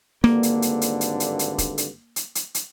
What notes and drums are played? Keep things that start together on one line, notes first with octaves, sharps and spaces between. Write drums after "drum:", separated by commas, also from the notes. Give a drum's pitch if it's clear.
G#1 G2 D3 A#3, drum: rim click
drum: hi-hat
drum: hi-hat
drum: hi-hat
drum: hi-hat
drum: hi-hat
drum: hi-hat
drum: kick E1, hi-hat
drum: hi-hat
drum: hi-hat
drum: hi-hat
drum: hi-hat